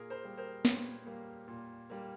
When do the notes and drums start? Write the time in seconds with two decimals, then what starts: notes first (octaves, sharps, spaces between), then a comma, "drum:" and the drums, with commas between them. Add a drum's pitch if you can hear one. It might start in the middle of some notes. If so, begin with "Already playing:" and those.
Already playing: A#2 G#4 A#4
0.10 A#4 C5
0.25 G3 A#3
0.38 A#4 C5
0.65 A#2 B4 C#5, drum: snare
1.06 G3 A#3
1.48 A#2
1.90 G3 A#3